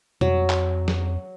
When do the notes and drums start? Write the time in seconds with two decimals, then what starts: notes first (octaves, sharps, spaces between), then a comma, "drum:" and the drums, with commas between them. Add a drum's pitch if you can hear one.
0.21 F2 F#3, drum: tom
0.50 drum: clap
0.88 drum: snare